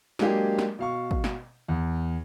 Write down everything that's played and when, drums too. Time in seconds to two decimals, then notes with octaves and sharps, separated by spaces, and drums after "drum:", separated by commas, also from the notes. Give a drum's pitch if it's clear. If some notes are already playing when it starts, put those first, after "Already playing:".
0.19 F#3 G#3 A#3 D4 G4 G#4, drum: snare
0.59 drum: snare
0.79 B2 F5 C#6
1.11 drum: kick
1.24 drum: snare
1.68 E2